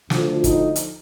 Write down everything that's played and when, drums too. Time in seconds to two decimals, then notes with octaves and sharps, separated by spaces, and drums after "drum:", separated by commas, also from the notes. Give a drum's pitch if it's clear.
0.10 D2 D3 F3, drum: snare
0.44 D#4, drum: kick, hi-hat
0.76 drum: hi-hat